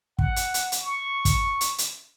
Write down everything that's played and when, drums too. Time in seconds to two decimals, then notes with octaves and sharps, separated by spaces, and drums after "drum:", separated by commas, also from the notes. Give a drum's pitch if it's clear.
0.19 F#5, drum: kick
0.36 drum: hi-hat
0.54 drum: hi-hat
0.72 drum: hi-hat
0.82 C#6
1.25 drum: kick, hi-hat
1.61 drum: hi-hat
1.78 drum: hi-hat